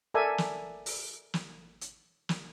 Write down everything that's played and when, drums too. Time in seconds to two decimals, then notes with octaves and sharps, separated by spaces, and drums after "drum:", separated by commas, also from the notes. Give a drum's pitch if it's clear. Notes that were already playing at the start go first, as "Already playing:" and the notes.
0.14 A4 A#4 D5 E5 G#5
0.38 drum: snare
0.86 drum: open hi-hat
1.34 drum: snare
1.81 drum: hi-hat
2.29 drum: snare